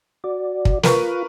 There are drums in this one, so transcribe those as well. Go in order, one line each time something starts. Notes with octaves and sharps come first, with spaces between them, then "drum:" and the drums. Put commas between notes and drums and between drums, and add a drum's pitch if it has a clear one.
F#4 D5
drum: kick
F4 A#4 B4 C#6, drum: snare